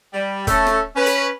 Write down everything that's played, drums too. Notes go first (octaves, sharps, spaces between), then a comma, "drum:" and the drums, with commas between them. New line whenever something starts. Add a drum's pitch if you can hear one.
G3
A3 C#4 A4, drum: kick, hi-hat
drum: rim click
C#4 B4
drum: hi-hat